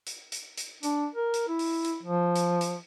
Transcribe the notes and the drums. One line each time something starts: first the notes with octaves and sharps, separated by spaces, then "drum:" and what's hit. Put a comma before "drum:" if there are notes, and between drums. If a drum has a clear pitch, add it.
drum: hi-hat
drum: hi-hat
drum: hi-hat
D4, drum: hi-hat
A#4
drum: hi-hat
E4
drum: open hi-hat
drum: hi-hat
F3
drum: hi-hat
drum: hi-hat